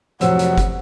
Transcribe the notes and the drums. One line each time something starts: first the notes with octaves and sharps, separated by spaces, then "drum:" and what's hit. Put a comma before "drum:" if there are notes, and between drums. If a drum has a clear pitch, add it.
F1 F3 F#3 C5 F#5 E6, drum: hi-hat
drum: hi-hat
drum: kick F#1, hi-hat